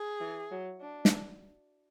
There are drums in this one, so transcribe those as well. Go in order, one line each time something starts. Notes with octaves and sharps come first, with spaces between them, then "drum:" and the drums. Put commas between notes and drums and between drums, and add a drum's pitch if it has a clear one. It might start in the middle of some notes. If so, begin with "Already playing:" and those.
Already playing: G#4
E3
F#3
D4
drum: snare